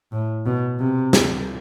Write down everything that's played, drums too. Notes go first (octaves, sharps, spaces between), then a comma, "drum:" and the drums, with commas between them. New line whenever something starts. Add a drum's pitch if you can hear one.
A2
B2
C3
drum: snare